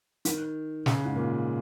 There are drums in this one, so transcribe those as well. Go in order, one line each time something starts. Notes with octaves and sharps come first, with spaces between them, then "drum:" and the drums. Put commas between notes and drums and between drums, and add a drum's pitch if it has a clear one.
D#3, drum: hi-hat
C#3, drum: snare
G#2
A#2